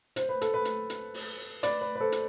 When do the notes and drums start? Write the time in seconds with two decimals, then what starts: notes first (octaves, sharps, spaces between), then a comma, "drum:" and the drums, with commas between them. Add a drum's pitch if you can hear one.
0.16 C5, drum: hi-hat
0.29 B4
0.41 A4, drum: hi-hat
0.54 B4
0.65 drum: hi-hat
0.90 drum: hi-hat
1.14 drum: open hi-hat
1.63 B4 D5, drum: hi-hat
1.81 B4
1.95 B4
2.00 A4 C5
2.12 drum: hi-hat